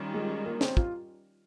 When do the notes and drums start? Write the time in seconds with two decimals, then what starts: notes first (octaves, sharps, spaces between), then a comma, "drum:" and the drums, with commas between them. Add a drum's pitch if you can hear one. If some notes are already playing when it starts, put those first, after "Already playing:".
Already playing: D#3 G3 C#4 F4
0.14 G#3
0.45 A#3
0.61 C4, drum: snare
0.77 F4, drum: kick